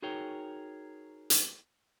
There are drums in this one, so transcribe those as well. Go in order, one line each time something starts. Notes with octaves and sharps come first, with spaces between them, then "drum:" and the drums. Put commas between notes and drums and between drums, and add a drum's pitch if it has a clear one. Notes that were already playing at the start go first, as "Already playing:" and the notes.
D#4 F#4 G#4 A#4 C#5 G5
drum: hi-hat